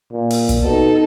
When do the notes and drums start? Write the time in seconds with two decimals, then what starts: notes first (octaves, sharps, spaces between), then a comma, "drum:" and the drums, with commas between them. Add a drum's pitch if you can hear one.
0.12 A#2
0.31 drum: open hi-hat
0.49 drum: kick, hi-hat
0.63 B2 D#4 A4